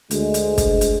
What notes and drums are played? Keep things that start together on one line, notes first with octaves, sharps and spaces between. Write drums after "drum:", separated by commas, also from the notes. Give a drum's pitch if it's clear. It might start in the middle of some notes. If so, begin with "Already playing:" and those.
D2 G#3, drum: hi-hat
drum: hi-hat
drum: kick, hi-hat
drum: hi-hat